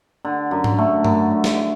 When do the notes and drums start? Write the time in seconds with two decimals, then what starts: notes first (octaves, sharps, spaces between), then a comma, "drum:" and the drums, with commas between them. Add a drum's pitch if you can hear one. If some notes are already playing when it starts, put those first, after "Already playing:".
0.25 D3
0.51 F#2
0.64 drum: tom G#2
0.78 A3
1.05 F#2, drum: tom G2
1.31 D3
1.44 drum: snare